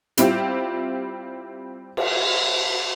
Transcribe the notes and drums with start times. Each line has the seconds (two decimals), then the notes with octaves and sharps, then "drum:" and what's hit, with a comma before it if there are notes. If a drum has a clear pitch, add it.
0.17 G3 C4 E4 F4 G4, drum: hi-hat
1.97 drum: cymbal